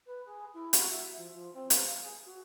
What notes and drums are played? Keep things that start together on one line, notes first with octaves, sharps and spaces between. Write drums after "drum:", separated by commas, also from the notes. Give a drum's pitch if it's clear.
B4
G#4
E4
F#4, drum: hi-hat
E5
F3
F3
C4
B4, drum: hi-hat
F5
G#4
F#4